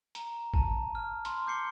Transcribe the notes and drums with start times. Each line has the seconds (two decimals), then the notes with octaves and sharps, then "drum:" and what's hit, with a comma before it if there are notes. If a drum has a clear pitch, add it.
0.15 A#5, drum: hi-hat
0.54 A5 A#5, drum: kick
0.95 F6
1.25 B5 C6, drum: hi-hat
1.47 D6 G6 C7 C#7 G7